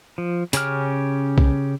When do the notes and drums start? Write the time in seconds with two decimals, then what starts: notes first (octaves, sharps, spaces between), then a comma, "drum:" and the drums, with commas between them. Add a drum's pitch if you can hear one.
0.18 F3
0.53 C#3 C#4 G4 F6, drum: hi-hat
1.38 drum: kick B1